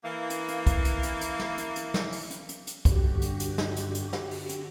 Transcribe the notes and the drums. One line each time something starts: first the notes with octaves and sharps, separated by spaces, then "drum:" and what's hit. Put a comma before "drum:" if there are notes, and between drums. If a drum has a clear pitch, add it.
E3 A#3
drum: hi-hat
drum: hi-hat
drum: kick, hi-hat
drum: hi-hat
drum: hi-hat
drum: hi-hat
drum: snare
drum: hi-hat
drum: hi-hat
drum: snare
drum: open hi-hat
drum: hi-hat
drum: hi-hat
drum: hi-hat
G2 D3 F#4 G4, drum: kick, hi-hat
drum: hi-hat
drum: hi-hat
drum: snare
drum: hi-hat
drum: hi-hat
drum: snare
drum: open hi-hat
drum: hi-hat